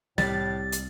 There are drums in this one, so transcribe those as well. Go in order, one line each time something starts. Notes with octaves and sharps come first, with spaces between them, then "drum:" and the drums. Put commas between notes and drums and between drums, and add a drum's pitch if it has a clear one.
C2 A2 G3 A6, drum: snare
drum: hi-hat